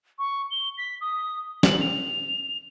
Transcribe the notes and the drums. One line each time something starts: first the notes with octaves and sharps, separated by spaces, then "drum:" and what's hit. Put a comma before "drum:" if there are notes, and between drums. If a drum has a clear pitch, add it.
C#6
G7
B6
D#6
F#7, drum: snare
F7